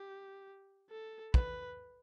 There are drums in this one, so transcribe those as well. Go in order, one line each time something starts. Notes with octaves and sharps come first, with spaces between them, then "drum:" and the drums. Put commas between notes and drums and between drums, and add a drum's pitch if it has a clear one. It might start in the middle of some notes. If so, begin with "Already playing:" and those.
Already playing: G4
A4
B4, drum: kick